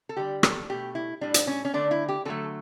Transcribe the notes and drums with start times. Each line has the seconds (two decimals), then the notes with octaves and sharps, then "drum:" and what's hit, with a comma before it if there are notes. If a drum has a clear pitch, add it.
0.09 A4
0.17 D3 G3 G4
0.43 A4, drum: rim click
0.69 B2 A3 G4
0.95 E4
1.21 A2 G3 D4
1.34 drum: hi-hat
1.47 C#4
1.65 C#4
1.74 D3 A3 D4
1.91 E4
2.09 G4
2.25 D3 F#3 A3 A4